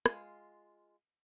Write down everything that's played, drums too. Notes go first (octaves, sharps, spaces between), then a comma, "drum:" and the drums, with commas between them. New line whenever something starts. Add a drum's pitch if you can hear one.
G#3 F4, drum: rim click